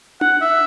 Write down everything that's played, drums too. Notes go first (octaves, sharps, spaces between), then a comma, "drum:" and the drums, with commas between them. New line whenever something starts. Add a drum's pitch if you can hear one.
F#5, drum: tom D4
E5